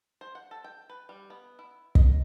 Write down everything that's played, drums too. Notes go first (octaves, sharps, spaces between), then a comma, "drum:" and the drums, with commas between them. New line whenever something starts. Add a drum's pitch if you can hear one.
C5
F#5
A4
G5
B4
G3
B3
E4
D#5, drum: kick